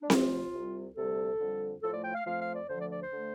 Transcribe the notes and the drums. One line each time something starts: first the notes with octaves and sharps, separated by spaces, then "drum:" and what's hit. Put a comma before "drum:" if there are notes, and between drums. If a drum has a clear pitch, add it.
D4
D2 C3 F3 A3 F4, drum: snare C4
C2 C3 G3
D2 C3 G3 A4
F2 D3 G3
A2 F3 A3 A4
D5
G5
F5
F2 F3 A3 F5
F5
D5
D2 D3 F3 A3 C5
D5
D5
C5
D3 A3